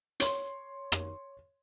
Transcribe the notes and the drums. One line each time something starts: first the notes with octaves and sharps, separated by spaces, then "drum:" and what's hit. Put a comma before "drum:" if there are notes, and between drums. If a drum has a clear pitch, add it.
C#5 C6, drum: hi-hat
drum: rim click